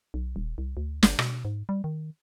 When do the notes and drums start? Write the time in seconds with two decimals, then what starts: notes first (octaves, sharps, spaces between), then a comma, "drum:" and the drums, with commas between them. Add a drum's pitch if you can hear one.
0.14 B1
0.36 D#1
0.58 C2
0.77 D2
1.03 G1, drum: snare
1.19 B2, drum: rim click
1.45 G#2
1.69 G3
1.84 D#3